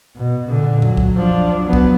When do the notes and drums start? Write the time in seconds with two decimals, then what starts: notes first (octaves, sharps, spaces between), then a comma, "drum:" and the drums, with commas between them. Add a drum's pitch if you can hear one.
0.16 B2
0.48 A#2 D3
0.82 F#3, drum: tom F2
0.97 drum: kick C2
1.16 F3 D4
1.62 F#3 B3
1.73 drum: kick C2